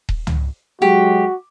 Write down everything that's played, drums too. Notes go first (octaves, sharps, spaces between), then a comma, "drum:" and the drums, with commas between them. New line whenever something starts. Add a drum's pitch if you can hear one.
drum: kick D#1
drum: tom
F#3 G#3 F#4 G4